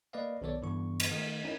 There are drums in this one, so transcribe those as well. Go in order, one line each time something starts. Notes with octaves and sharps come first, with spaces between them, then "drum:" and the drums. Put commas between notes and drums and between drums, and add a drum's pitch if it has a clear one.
A#3 B4 D5 D#5 F5
B1 D#3 B3 A4 C#5 D5
G2 D3 E3 B3 C#6
drum: cymbal
D#3 A3
C#4 D#4 E4 A#4